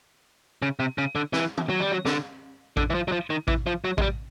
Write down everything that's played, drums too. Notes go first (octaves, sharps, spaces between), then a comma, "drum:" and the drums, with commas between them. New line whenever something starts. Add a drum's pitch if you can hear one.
C#3
C3
C#3
D3
E3, drum: snare
drum: tom
F#3
G3
F#3
D3, drum: snare
D3, drum: kick A1
E3
F3
F#3
F3
D#3
E3, drum: kick A1
F3
F#3
G#3, drum: kick A1
G3